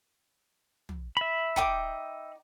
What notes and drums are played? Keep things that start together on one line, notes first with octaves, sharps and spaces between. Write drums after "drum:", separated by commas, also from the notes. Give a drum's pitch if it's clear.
drum: tom
E5 B5
D#4 G5 D6, drum: kick